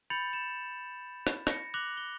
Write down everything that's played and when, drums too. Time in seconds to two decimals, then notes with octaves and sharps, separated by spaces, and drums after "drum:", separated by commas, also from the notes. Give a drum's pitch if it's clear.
0.10 B5 G6 A6 C#7 F7 F#7
0.33 E7
1.27 drum: rim click
1.47 A#6 C#7, drum: rim click
1.74 D6 F#6 A#6 F7 F#7
1.97 G7